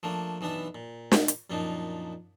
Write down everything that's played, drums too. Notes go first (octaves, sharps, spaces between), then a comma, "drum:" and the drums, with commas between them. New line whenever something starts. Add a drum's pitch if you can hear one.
F3 A3 A#3 D4
B1 E3 B3 D4 A5
A#2
drum: snare
drum: hi-hat
F#2 A#2 F3 D4 D#4